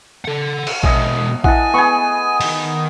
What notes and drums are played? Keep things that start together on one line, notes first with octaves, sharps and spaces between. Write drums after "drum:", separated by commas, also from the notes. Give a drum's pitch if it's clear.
A4 F#5
drum: cymbal
B2 G#3 D#5 E5 G#5, drum: kick A#1
E4 D#5 E5 F#5 G#5 A5, drum: kick A#1
B3 G#4 C#6
D#3, drum: open hi-hat